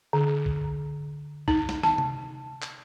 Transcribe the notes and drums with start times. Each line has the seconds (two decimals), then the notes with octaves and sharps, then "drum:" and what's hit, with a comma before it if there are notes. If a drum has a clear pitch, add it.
0.13 D3
0.46 drum: kick B1
1.48 D#4, drum: kick B1
1.69 drum: snare
1.83 A5, drum: tom
1.98 drum: tom C3
2.62 drum: clap